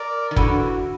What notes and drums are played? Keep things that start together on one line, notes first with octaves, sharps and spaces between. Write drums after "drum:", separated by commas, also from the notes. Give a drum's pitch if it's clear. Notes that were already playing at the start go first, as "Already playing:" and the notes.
Already playing: A#4 D5
D#3
D3 E3 F#4, drum: kick